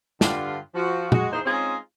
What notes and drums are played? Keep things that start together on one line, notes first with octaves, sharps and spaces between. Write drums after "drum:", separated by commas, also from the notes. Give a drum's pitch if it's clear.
G2 D3 F4, drum: snare
F3 F#4
G#3 F#4, drum: tom A#2
E3 A#3 D#4 G#4 C5
G#3 C4 C#4 D#4 F4 G#4